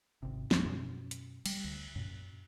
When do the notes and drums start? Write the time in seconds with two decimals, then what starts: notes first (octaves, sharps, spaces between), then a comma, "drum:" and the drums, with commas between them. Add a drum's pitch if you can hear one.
0.23 G#1 C3
0.51 F2, drum: snare
0.65 F#2 B2 C#4
1.11 drum: hi-hat
1.46 G3, drum: cymbal
1.64 D2
1.95 F#2 A#2